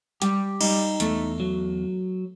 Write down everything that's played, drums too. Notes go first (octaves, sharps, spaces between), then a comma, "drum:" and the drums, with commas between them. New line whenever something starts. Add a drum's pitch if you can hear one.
G3 G4, drum: hi-hat
G3 D#4, drum: cymbal
E2 A3, drum: hi-hat
F#3